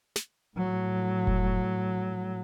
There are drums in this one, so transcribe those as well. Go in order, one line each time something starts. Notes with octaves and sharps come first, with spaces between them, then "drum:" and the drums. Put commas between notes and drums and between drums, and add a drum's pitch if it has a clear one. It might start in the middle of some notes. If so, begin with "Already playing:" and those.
drum: snare
A2 F#3
drum: kick F1